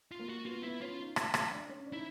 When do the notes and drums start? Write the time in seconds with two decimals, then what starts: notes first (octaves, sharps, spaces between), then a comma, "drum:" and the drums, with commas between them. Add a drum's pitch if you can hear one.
0.12 F4
0.19 A#3
0.29 F#4
0.46 B3 F4
0.63 B3 E4
0.81 C#4 F4
0.99 D#4
1.16 drum: rim click
1.34 drum: rim click
1.51 D4
1.69 C#4
1.86 D4
1.93 D#4 E4